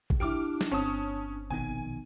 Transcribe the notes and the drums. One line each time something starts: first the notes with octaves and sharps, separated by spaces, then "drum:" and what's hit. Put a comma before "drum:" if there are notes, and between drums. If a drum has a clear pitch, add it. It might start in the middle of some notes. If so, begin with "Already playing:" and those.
drum: kick
D4 E4 G4 D6 F6 D7
drum: snare
G1 C4 C#4 A5 D#6
A#1 B2 D#3 G#5